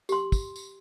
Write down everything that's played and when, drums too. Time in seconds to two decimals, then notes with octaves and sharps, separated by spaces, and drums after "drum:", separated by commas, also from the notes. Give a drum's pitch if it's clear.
0.09 G4 C6, drum: tambourine
0.32 drum: kick, tambourine
0.56 drum: tambourine